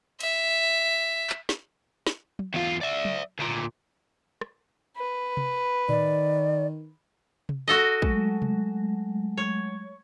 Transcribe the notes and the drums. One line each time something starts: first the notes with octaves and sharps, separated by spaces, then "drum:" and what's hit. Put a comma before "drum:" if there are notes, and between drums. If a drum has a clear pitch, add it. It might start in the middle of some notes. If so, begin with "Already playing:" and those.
E5, drum: cymbal
drum: clap
drum: snare
drum: snare
drum: tom
E2 F4
D5 E5
drum: tom
D2 A#2
drum: rim click
B4
drum: tom C3
D#3 D5, drum: tom A2
drum: tom C3
F#4 A4 D#5
F#3 G#3 A3, drum: kick
drum: tom C3
C#5